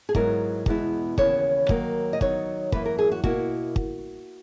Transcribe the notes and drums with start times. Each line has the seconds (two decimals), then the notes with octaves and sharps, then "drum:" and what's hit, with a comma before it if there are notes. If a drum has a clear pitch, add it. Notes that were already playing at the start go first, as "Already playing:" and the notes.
0.09 G#4
0.15 G#2 F#3 B3 E4 A#4, drum: kick
0.66 E2 B2 G#3 B3 E4, drum: kick
1.18 D#2 C#3 E3 B3 E4 C#5, drum: kick
1.69 D#3 F#3 A#3, drum: kick
2.13 D#5
2.21 D#3 F#3 B3 D#4 C#5, drum: kick
2.72 F#2 E3 A#3 B4, drum: kick
2.86 A#4
2.99 G#4
3.12 F#4
3.24 B2 A#3 E4 F#4, drum: kick
3.76 drum: kick